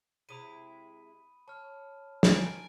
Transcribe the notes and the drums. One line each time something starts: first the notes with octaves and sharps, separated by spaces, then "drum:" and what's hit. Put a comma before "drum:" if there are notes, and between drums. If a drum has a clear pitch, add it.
C3 G#3 E4 B5 D#6 D#7
C#5 A5 F6
A4 A#4 G#5 D7, drum: snare